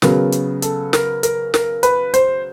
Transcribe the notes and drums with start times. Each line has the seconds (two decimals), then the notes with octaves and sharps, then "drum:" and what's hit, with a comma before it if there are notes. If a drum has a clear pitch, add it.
0.02 C#3 F#3 B3 A#4, drum: snare
0.32 drum: hi-hat
0.62 A4, drum: hi-hat
0.93 A#4, drum: snare
1.23 A#4, drum: hi-hat
1.54 A#4, drum: snare
1.83 B4, drum: hi-hat
2.14 C5, drum: hi-hat